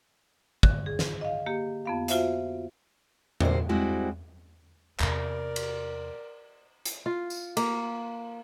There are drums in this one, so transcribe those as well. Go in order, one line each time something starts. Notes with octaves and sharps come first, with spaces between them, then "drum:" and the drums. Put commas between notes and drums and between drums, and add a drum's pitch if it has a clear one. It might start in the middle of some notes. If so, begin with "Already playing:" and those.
D3, drum: kick
G#4
drum: snare
D#5 F5
A#3 G4
F2 B3 F5
F4 F#4 C5 E5 F5, drum: hi-hat
A#2 G3 F#4 C5, drum: tom E2
G3 G#3 C4 E4 F#4
E2 C3 A#4 D5, drum: clap
drum: cymbal
drum: hi-hat
F4
drum: tambourine
A#3, drum: cymbal